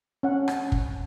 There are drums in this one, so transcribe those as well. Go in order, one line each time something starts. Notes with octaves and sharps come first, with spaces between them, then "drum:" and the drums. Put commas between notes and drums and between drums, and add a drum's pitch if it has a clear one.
C#4 F#5
drum: rim click
drum: kick